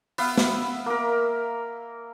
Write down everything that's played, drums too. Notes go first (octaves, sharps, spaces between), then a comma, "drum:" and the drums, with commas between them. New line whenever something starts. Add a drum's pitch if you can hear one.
B3 E5 F5, drum: open hi-hat
drum: snare
A#3 A#4